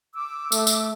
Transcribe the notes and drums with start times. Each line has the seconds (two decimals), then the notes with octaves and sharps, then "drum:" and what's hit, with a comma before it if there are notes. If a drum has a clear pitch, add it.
0.14 D6 E6
0.52 A3, drum: tambourine
0.67 drum: tambourine